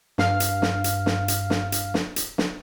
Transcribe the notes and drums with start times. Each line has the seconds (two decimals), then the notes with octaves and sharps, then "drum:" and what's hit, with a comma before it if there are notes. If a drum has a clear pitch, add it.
0.18 G2 F5 F6, drum: snare
0.40 drum: hi-hat
0.62 drum: snare
0.84 drum: hi-hat
1.06 drum: snare
1.28 drum: hi-hat
1.50 drum: snare
1.72 drum: hi-hat
1.94 drum: snare
2.16 drum: hi-hat
2.38 drum: snare